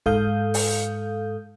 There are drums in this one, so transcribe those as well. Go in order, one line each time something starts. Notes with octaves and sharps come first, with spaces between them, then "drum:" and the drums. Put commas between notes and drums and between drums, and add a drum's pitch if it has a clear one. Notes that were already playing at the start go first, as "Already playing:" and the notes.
G#2 A4 F5 D#6 G6, drum: kick
drum: open hi-hat